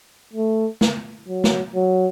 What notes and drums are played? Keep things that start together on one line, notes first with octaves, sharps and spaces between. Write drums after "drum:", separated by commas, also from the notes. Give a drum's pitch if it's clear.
A3
drum: snare
F#3
drum: snare
F#3